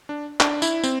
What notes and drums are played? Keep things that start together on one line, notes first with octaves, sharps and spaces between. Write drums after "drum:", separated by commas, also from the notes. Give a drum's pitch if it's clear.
D4
D4, drum: clap
E4, drum: tambourine
C4, drum: tambourine